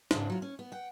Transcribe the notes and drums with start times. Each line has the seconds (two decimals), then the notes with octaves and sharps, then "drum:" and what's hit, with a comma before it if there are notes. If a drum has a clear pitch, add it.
0.11 G#2 C#3 C4 D4, drum: snare
0.30 F#3 F4
0.42 C#4
0.59 B3
0.72 F#5 G5